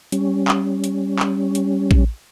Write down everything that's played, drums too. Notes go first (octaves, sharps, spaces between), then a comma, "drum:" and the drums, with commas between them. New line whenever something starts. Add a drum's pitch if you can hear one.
G3 C#4, drum: hi-hat
drum: clap
drum: hi-hat
drum: clap
drum: hi-hat
drum: kick